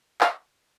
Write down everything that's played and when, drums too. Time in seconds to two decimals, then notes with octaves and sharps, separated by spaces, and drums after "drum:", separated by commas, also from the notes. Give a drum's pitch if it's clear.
0.21 F5, drum: clap